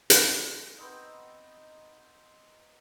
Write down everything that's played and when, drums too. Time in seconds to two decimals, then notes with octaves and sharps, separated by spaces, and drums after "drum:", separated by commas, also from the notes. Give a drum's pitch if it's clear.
0.10 drum: hi-hat
0.78 B3 C4 D#4 D#5